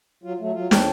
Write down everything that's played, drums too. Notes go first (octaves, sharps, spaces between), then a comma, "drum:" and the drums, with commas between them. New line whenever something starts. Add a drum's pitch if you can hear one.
F#3 F4
F#3 A3
F#3 F4
D#2 F3 A4 C#5 G5, drum: snare